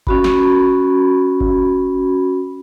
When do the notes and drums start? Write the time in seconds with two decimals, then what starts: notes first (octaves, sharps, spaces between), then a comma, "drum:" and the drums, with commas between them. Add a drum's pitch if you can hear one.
0.07 C#4 F#4 B5, drum: kick G1
0.24 drum: snare
1.41 drum: kick G1